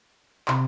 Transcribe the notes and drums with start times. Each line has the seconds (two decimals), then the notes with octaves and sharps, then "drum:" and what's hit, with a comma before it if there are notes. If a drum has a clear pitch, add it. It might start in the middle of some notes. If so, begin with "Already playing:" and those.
0.48 C3, drum: clap